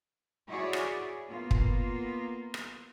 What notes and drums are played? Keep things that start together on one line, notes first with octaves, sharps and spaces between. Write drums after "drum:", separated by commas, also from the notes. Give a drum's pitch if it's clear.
E4 F#4 G#4 C#5 D5
drum: rim click
A#3 B3 F4
drum: kick
drum: rim click